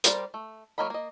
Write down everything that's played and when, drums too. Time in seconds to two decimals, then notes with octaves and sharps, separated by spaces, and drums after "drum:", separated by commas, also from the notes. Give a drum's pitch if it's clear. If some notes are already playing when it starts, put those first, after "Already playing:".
0.04 G3 A#4 C5 D5, drum: hi-hat
0.34 A3
0.78 F#3 A#3 A#4 D#5 B5
0.90 A#3 D#5